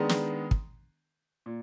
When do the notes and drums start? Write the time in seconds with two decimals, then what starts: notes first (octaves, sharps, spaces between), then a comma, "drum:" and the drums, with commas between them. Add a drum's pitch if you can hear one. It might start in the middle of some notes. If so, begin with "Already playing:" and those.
Already playing: D#3 G#3 B3 D4
0.09 drum: snare
0.51 drum: kick
1.46 A#2